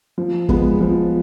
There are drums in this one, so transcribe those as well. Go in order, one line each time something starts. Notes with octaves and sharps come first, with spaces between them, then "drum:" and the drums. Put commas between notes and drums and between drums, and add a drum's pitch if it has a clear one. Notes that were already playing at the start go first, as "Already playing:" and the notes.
F3
G#3 B3, drum: kick
F3